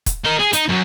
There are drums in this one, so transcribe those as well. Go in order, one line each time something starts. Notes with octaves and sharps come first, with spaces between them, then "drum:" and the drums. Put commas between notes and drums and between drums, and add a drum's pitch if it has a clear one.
drum: kick, hi-hat
D#4 A#4
G#4
D#4, drum: hi-hat
F#2 F#3